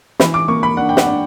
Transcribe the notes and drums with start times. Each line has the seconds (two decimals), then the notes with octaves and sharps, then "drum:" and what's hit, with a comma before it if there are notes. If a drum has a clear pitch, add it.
0.20 E3 B5, drum: snare
0.34 D6
0.48 A#3 C#6
0.63 B5
0.77 D4 F#5
0.89 G5
0.97 F#5, drum: snare
1.06 D4